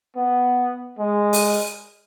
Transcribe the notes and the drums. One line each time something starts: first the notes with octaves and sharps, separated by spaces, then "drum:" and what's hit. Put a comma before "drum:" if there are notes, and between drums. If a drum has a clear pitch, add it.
B3
G#3
drum: open hi-hat